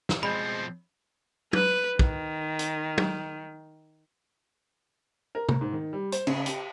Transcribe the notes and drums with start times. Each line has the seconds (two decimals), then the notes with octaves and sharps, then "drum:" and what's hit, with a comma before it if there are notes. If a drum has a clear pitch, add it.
0.09 drum: snare
0.23 B2 F3 G3 G#3 C4 C5 B5
1.53 B4, drum: tom
1.99 D#3, drum: kick
2.59 drum: hi-hat
2.98 drum: tom
5.35 A#4
5.49 A#4, drum: tom
5.61 G#2
5.72 D#3
5.93 G3
6.12 C5, drum: hi-hat
6.27 C#3, drum: cymbal
6.46 G4, drum: hi-hat